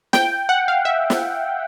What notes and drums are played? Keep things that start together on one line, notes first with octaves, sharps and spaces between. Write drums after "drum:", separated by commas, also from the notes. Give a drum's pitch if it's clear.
G5, drum: snare
F#5
F5
E5
drum: snare